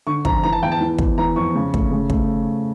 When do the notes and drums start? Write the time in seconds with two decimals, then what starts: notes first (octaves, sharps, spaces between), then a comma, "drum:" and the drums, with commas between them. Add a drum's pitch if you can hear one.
0.07 D3 C#6
0.25 F2 A#5, drum: kick
0.43 E3 A#5
0.52 A5
0.62 E2 G5
0.72 A5
0.80 E3
0.98 E2, drum: kick
1.18 E3 A#5
1.36 F2 C#6
1.55 C#3
1.74 A3, drum: kick
1.91 C#3
2.10 A3, drum: kick